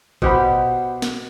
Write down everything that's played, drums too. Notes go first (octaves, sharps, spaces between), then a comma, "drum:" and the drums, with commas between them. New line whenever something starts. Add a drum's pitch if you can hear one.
B2 G4 C5 F#5 B5, drum: kick
drum: snare